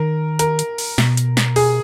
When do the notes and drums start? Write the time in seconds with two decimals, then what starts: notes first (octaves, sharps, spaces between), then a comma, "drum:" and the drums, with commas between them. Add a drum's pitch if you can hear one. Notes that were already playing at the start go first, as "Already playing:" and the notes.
Already playing: D#3 A#4
0.39 A#4, drum: hi-hat
0.59 drum: hi-hat
0.78 drum: open hi-hat
0.98 B2, drum: snare
1.17 drum: hi-hat
1.37 drum: snare
1.56 G#4, drum: open hi-hat